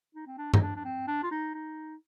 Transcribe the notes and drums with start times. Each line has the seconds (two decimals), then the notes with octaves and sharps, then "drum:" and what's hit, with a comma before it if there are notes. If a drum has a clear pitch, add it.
0.15 D#4
0.27 C4
0.38 D4
0.54 D#4, drum: tom G2
0.61 D4
0.76 D4
0.84 C4
1.07 D4
1.23 F4
1.31 D#4
1.54 D#4